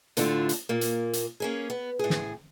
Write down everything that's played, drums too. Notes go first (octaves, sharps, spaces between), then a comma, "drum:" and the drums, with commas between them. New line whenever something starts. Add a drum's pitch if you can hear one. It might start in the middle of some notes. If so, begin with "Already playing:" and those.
A2 D3 A3 C4 D4 F4, drum: hi-hat
drum: hi-hat
A#2 A#3
drum: hi-hat
drum: hi-hat
A#3 C#4 G#4
B3
A2 G#4
drum: snare